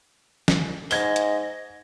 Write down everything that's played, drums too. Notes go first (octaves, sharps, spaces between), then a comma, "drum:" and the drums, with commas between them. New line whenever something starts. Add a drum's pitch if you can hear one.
drum: snare
G#2 D#5 G#6 G7, drum: open hi-hat
drum: hi-hat